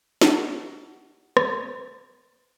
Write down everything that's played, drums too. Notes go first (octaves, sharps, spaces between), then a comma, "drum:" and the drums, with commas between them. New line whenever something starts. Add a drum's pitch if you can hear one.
G4 F#5, drum: snare
drum: rim click